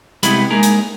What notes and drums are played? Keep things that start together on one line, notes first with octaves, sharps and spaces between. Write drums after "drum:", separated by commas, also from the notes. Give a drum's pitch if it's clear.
C3 G3 G#3 B3 E4 B5, drum: hi-hat
G#3 A#3 D#4 G#4 A#4
drum: hi-hat